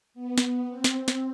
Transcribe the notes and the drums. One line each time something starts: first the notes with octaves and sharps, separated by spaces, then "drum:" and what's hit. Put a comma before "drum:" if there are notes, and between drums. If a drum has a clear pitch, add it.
B3
drum: snare
C4
drum: snare
drum: snare